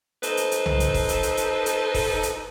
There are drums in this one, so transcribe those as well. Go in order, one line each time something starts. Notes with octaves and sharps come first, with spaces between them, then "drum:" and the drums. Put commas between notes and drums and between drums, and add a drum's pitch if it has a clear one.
D#4 A4 B4 C5, drum: hi-hat
drum: hi-hat
drum: hi-hat
drum: tom C2
drum: hi-hat
drum: kick F1, open hi-hat
drum: hi-hat
drum: hi-hat
drum: hi-hat
drum: hi-hat
drum: kick F1, open hi-hat
drum: hi-hat